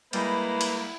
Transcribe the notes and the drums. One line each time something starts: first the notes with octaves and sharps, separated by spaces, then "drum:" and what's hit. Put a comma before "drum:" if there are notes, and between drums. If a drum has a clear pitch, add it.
G3 G#3 A#3 D#4 E4 B4, drum: cymbal
drum: cymbal